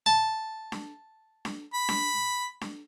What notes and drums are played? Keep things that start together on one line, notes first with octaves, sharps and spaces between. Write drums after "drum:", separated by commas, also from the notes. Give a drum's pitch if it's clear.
A5
drum: snare D4
drum: snare D4
B5
drum: snare D4
drum: snare D4